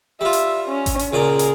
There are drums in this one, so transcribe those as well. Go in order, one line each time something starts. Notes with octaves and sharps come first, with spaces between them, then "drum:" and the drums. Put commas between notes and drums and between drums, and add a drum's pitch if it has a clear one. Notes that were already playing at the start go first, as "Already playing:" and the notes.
G3 F4 E5
drum: hi-hat
C#4
drum: kick G#1, hi-hat
drum: hi-hat
C#2 A#2 G#4 A#4 D5
drum: hi-hat